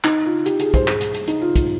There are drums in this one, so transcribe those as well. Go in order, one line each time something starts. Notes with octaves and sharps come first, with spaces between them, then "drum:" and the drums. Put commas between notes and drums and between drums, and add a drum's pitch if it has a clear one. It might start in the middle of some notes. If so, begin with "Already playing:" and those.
D#4, drum: clap
F4
G4, drum: hi-hat
G#4, drum: hi-hat
C5, drum: kick, hi-hat
G#4, drum: clap
drum: hi-hat
drum: hi-hat
D#4, drum: hi-hat
F4
drum: kick, hi-hat